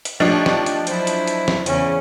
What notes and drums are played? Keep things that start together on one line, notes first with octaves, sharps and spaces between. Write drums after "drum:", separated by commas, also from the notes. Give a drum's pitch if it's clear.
drum: hi-hat
F3 A3 D4 D#4 G4 C#5
drum: snare
drum: hi-hat
F#3 E4 C5, drum: hi-hat
drum: hi-hat
drum: hi-hat
drum: snare
E2 C#3 C#4, drum: hi-hat